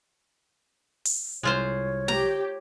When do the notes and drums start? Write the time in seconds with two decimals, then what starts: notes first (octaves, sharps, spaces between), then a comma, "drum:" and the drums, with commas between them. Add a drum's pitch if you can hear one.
1.05 drum: open hi-hat
1.43 C2 G#3 F4 C5 C#5
2.08 G4 A#5, drum: snare